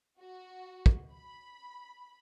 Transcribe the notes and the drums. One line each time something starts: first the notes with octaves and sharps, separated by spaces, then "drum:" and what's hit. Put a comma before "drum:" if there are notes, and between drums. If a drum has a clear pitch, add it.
F#4
drum: kick
B5